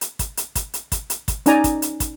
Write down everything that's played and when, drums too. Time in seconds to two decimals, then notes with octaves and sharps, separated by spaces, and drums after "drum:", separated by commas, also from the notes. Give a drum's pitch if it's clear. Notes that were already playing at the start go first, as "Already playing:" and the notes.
0.01 drum: hi-hat
0.19 drum: kick, hi-hat
0.37 drum: hi-hat
0.55 drum: kick, hi-hat
0.74 drum: hi-hat
0.92 drum: kick, hi-hat
1.10 drum: hi-hat
1.28 drum: kick, hi-hat
1.46 C#4 D#4 D5 G#5 A#5, drum: hi-hat
1.64 drum: kick, hi-hat
1.82 drum: hi-hat
2.00 drum: kick, hi-hat